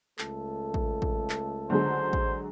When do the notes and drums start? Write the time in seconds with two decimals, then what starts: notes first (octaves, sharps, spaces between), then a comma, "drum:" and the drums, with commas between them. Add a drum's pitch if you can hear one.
0.19 C#2 A3 A4, drum: clap
0.74 drum: kick A1
1.02 drum: kick A1
1.30 drum: clap
1.70 D3 F#3 G#3 C5
2.13 drum: kick A1